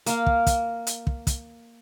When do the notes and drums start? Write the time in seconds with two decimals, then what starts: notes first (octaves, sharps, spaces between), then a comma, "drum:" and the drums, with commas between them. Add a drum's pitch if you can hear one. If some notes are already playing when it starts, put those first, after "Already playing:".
0.06 A#3 F5, drum: hi-hat
0.26 drum: kick
0.47 drum: kick, hi-hat
0.87 drum: hi-hat
1.07 drum: kick
1.27 drum: kick, hi-hat